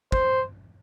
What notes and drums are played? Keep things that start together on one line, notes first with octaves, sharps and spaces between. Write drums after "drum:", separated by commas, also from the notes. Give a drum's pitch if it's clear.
C5, drum: kick